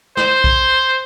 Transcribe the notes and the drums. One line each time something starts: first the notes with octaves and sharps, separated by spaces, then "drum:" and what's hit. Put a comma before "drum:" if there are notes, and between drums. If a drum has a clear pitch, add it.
C5, drum: snare
drum: kick B1